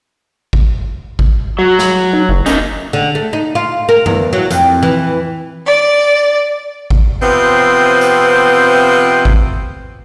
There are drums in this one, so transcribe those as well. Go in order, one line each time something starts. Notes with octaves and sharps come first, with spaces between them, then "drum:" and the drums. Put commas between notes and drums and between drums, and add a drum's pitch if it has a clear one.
drum: kick G#1
drum: kick G#1
F#3 F#4
drum: snare
D#4
F#1
A3 A#3 C#4 D#4, drum: hi-hat
D3
A3
D#4
F4
A#4
E2, drum: tom F#2
F#3
F2, drum: hi-hat
E3
D5
drum: kick G#1
C3 F3 B3 C4
drum: hi-hat
drum: kick G#1